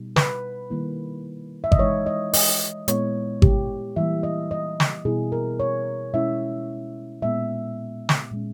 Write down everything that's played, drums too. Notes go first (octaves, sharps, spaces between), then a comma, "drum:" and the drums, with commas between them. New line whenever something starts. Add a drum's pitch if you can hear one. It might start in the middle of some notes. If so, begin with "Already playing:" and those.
Already playing: B2 G3 B3 D#4
B4, drum: snare
D#3 G3 A#3 E4
E5
D#5, drum: kick G#1
E3 G#3 D#4 C#5
D#5
D#5, drum: open hi-hat
A#2 G#3 B3 E4 C#5, drum: hi-hat
G4, drum: kick G#1
E3 G3 A#3 E5
D#5
D#5
drum: snare
B2 G3 B3 E4 G#4
A#4
C#5
B2 G#3 C#4 E4 E5
A#2 G#3 B3 E5
drum: snare
A#2 G#3 C#4